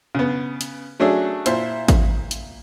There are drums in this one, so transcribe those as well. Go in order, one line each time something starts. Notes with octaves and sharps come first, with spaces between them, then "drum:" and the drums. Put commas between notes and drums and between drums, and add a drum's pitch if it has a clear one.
C#3 B3
drum: hi-hat
F#3 A3 C#4 D4 G#4
A#2 E4 C5, drum: hi-hat
drum: kick A1, hi-hat
drum: hi-hat